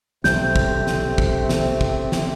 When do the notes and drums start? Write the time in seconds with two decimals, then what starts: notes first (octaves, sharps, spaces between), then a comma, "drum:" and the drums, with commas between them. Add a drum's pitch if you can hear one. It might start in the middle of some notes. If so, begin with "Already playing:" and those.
0.24 B1 C3 G3 A3 C4 G6, drum: snare
0.56 drum: kick
0.87 drum: snare
1.18 drum: kick
1.49 drum: snare
1.81 drum: kick
2.12 drum: snare